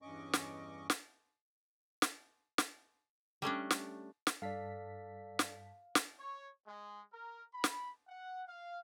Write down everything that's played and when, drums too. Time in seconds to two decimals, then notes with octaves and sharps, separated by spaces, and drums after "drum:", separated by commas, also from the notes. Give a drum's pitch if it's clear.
0.02 E2 G2 C#4 D#5 C#6 D6
0.33 drum: snare
0.90 drum: snare
2.02 drum: snare
2.58 drum: snare
3.42 G3 A3 C#4 D4
3.70 drum: snare
4.27 drum: snare
4.42 G2 A4 D5 F5 A5 B6
5.39 drum: snare
5.95 drum: snare
6.19 C#5
6.67 G#3
7.12 A#4
7.53 B5
7.64 drum: snare
8.08 F#5
8.48 F5